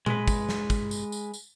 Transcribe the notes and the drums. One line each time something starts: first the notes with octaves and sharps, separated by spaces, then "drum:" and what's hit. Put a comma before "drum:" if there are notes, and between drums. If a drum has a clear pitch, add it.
G#3 B4, drum: tom A#2
drum: kick, tambourine
drum: snare
drum: kick, tambourine
drum: tambourine
drum: tambourine
drum: tambourine